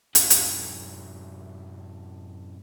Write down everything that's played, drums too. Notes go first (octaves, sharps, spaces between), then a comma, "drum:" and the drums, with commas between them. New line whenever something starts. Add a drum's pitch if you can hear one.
F#2 A2, drum: hi-hat
drum: hi-hat